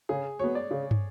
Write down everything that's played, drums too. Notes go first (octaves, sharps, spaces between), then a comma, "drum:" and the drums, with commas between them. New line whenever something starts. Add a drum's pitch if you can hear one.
C#3 G#4
F#3 B3 C#5
D5
C#3
drum: tom